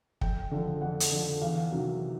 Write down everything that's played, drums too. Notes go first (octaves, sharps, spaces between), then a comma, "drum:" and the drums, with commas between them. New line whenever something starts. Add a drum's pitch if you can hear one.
F2 G5, drum: kick
D3 F3
F2 F#5
drum: hi-hat
D3 F3
E2 F5
C3 D#3 F#3